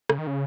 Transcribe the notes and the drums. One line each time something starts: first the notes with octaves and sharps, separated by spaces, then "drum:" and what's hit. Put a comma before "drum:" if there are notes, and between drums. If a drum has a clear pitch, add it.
C#3, drum: rim click
D#3
C#3